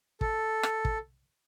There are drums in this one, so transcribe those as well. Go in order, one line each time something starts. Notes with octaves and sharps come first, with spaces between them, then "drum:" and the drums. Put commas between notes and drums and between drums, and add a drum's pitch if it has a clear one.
A4, drum: kick
drum: rim click
drum: kick